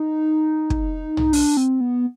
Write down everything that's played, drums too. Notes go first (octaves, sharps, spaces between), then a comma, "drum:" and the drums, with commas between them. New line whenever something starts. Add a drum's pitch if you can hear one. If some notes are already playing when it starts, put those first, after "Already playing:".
Already playing: D#4
drum: kick
drum: tom
D4, drum: open hi-hat
C4
B3